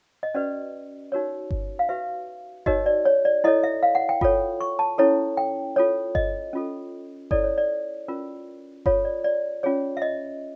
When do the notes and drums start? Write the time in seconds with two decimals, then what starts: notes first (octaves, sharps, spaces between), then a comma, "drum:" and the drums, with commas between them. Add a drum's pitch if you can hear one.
0.23 D#5
0.35 C#4 F#4 B4 D5
1.12 D#4 F#4 A#4 C#5
1.51 drum: kick G1
1.79 F5
1.89 F#4 B4 E5
2.66 D#4 F#4 A#4 C#5 D#5, drum: kick G1
2.86 D5
3.05 C#5
3.25 D5
3.44 E4 A4 C#5 D#5
3.63 E5
3.83 F5
3.95 F#5
4.09 G5
4.21 F4 A4 C#5, drum: kick G1
4.61 C#6
4.79 A5
4.98 C#4 E4 A4 C#5
5.37 G5
5.76 F4 A4 C#5
6.15 D#5, drum: kick G1
6.53 C#4 F4 A4
7.31 E4 A4 C#5 D5, drum: kick G1
7.44 C#5
7.58 D5
8.08 C#4 F4 A#4
8.86 F4 A4 C#5, drum: kick G1
9.05 D5
9.24 D5
9.63 C#4 F4 G#4 C#5
9.97 E5
10.02 D#5